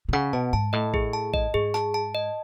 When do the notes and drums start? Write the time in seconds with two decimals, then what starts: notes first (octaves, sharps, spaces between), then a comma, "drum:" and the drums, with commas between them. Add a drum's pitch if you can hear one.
0.09 B2
0.13 C#3 F#5
0.33 B2 A5
0.53 G#2 A5
0.73 A2 D#5
0.94 G#4, drum: kick A1
1.13 A5
1.34 D#5, drum: kick A1
1.54 G#2 G#4
1.74 A5, drum: snare
1.94 A5
2.15 D#5